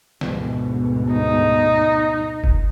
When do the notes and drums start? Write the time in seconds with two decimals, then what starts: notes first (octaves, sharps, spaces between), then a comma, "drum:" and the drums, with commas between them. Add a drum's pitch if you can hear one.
0.21 D2 G#2 B2, drum: snare
1.12 D#4
2.44 drum: kick F1